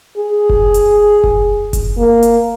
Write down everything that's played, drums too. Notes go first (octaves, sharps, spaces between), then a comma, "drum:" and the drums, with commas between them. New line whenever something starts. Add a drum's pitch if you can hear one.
G#4
drum: kick F#1
drum: hi-hat
drum: kick F#1
drum: kick F#1, hi-hat
A#3
drum: hi-hat